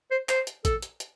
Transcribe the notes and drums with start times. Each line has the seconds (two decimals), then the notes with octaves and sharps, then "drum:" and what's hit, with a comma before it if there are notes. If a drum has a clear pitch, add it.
0.11 C5
0.29 C5, drum: clap
0.47 drum: hi-hat
0.65 A4, drum: kick A1, hi-hat
0.82 drum: hi-hat
1.00 drum: hi-hat